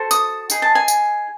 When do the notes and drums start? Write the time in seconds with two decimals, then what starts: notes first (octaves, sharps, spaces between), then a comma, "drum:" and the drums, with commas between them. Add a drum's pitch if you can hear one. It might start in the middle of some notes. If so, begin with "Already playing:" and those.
Already playing: F#4 A4 C5
0.11 D#6, drum: tambourine
0.50 D#4 G#4, drum: tambourine
0.62 A5
0.75 G#5
0.88 drum: tambourine